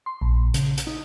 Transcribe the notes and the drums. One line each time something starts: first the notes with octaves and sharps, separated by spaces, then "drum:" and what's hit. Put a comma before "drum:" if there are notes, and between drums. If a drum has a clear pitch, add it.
C6
A#1
C#3, drum: hi-hat
drum: hi-hat
D#4